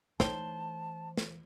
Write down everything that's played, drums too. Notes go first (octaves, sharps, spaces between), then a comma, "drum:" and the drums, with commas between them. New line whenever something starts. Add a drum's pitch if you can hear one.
E3 A3 D#4 C5 C#5 G5 A5, drum: snare
drum: snare